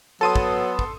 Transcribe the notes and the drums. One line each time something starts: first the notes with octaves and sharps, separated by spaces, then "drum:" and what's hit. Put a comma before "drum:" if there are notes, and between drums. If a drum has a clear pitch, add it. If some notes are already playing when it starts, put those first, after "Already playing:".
F#3 B3 A4 A5 C6 D#6 D#7
drum: kick
drum: kick